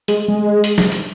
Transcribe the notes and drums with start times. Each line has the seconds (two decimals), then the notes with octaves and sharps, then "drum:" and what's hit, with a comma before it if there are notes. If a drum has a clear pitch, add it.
0.08 G#3, drum: hi-hat
0.28 G#3
0.64 drum: hi-hat
0.78 drum: snare
0.92 drum: hi-hat